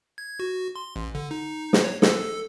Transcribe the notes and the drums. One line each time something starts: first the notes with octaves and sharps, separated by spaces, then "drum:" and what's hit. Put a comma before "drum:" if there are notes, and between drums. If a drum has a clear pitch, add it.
G#6
F#4
C6
A1
D3
D#4
drum: snare
C#5
A4, drum: snare